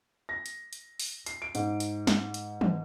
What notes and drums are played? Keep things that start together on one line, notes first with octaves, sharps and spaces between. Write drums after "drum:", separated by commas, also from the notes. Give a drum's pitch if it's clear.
A#6
drum: hi-hat
drum: hi-hat
drum: open hi-hat
C7, drum: hi-hat
D7
G#2, drum: hi-hat
drum: hi-hat
drum: snare
drum: hi-hat
drum: tom